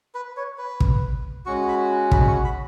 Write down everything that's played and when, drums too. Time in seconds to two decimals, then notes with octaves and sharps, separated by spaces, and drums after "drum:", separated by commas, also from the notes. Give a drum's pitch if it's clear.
0.15 B4
0.37 C#5
0.58 B4
0.80 drum: kick
1.46 G#3 C#4 F#4 C#6
1.68 B5
2.11 B5, drum: kick
2.28 C#6
2.44 B5